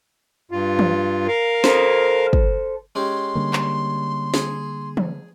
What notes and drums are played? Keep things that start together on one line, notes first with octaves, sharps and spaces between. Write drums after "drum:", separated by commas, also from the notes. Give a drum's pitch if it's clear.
G2 F4
drum: tom E3
A#4 F5
A4 C5, drum: snare
drum: kick
G#3 C#4 G4 C6
D3 G3 A#3
drum: clap
G#4, drum: snare
drum: tom E3